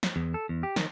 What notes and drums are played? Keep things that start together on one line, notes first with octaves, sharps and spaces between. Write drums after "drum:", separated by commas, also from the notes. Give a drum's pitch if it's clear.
drum: snare
E2
A4
E2
G4
D#3, drum: snare